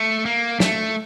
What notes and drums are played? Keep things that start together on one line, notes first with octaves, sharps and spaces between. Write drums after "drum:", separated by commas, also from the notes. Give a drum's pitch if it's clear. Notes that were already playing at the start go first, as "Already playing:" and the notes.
Already playing: A3
A#3
A3, drum: snare